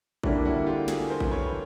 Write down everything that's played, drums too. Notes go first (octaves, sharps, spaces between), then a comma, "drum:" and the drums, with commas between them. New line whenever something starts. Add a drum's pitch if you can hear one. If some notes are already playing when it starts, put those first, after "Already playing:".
D3 G3 A#3 D4 E4 F#4, drum: kick A1
E4 F#4
F4 G4
F#4 G#4, drum: snare
A#4 C5
drum: kick A1
B4 C#5
B4